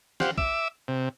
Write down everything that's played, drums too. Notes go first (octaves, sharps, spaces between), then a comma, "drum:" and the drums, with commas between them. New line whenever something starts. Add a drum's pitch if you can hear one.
G4 C5 F5 F#5, drum: snare
E5 D6 E6, drum: kick
C3